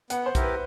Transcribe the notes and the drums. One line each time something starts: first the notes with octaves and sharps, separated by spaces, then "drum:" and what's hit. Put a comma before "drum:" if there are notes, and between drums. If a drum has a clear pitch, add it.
B3 F#5, drum: hi-hat
C5
E4 G4 A#4, drum: kick, hi-hat
B4